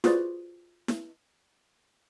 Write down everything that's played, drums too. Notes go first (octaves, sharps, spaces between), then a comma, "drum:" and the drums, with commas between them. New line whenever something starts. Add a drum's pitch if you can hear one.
F4 F#4 G#4 B4 C5 D5, drum: snare E4
drum: snare E4